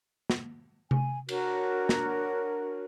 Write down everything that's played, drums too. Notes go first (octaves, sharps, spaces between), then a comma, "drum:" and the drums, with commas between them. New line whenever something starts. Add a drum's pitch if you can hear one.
drum: snare
G#5, drum: tom C3
D4 F#4 A#4 C#5, drum: cymbal
drum: snare